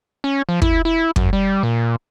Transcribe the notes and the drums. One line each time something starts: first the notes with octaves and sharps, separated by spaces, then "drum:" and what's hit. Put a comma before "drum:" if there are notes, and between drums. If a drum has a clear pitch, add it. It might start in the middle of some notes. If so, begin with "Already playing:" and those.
C#4
F3
E4, drum: kick
E4
F#2, drum: kick
G3
A#2